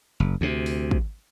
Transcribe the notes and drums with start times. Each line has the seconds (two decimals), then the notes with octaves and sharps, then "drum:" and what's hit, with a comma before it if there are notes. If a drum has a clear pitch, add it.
0.20 F#1
0.41 D2 C3
0.66 drum: open hi-hat
0.91 drum: kick